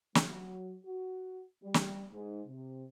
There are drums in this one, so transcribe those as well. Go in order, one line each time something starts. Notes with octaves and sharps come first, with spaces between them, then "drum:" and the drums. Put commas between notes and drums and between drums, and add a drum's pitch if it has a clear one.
F#3, drum: snare
F#4
G3
drum: snare
G#2
C3